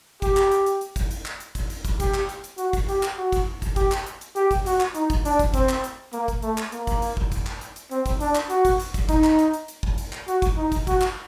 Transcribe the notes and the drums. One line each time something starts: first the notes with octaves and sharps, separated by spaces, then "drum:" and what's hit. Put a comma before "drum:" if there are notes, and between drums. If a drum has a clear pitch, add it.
G4, drum: kick, hi-hat
drum: clap
drum: hi-hat
drum: hi-hat
drum: hi-hat
drum: kick, hi-hat
drum: hi-hat
drum: clap
drum: hi-hat
drum: kick, hi-hat
drum: hi-hat
drum: kick, hi-hat
G4, drum: kick, hi-hat
drum: clap
drum: hi-hat
drum: hi-hat
F#4, drum: hi-hat
drum: kick, hi-hat
G4, drum: hi-hat
drum: clap
F#4
drum: kick, hi-hat
drum: kick, hi-hat
G4, drum: kick, hi-hat
drum: clap
drum: hi-hat
drum: hi-hat
G4, drum: hi-hat
drum: kick, hi-hat
F#4, drum: hi-hat
drum: clap
D#4, drum: hi-hat
drum: kick, hi-hat
D4, drum: hi-hat
drum: kick, hi-hat
C4, drum: kick, hi-hat
drum: clap
drum: hi-hat
A#3, drum: hi-hat
drum: kick, hi-hat
A3, drum: hi-hat
drum: clap
A#3, drum: hi-hat
drum: kick, hi-hat
drum: hi-hat
drum: kick
drum: kick, hi-hat
drum: clap
drum: hi-hat
drum: hi-hat
C4, drum: hi-hat
drum: kick, hi-hat
D4, drum: hi-hat
drum: clap
F#4, drum: hi-hat
drum: kick, hi-hat
drum: hi-hat
drum: kick, hi-hat
D#4, drum: kick, hi-hat
drum: clap
drum: hi-hat
drum: hi-hat
drum: hi-hat
drum: kick
drum: hi-hat
drum: clap
F#4, drum: hi-hat
drum: kick, hi-hat
D#4
drum: kick, hi-hat
F#4, drum: kick, hi-hat
drum: clap